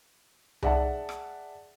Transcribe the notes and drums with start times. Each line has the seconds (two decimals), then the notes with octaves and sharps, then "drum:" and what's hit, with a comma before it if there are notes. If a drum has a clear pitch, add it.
0.62 G#4 D5 E5 F#5 A5, drum: tom C2
1.09 drum: rim click